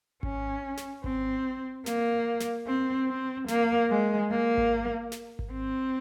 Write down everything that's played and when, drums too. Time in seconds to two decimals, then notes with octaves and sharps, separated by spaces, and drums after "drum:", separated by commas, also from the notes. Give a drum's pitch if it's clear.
0.23 C#4, drum: kick G#1
0.77 drum: snare
1.04 C4, drum: kick G#1
1.86 A#3, drum: snare
2.40 drum: snare
2.67 C4
3.09 C4
3.48 A#3, drum: snare
3.89 G#3
4.31 A#3
4.57 drum: kick G#1
5.12 drum: snare
5.39 drum: kick G#1
5.52 C4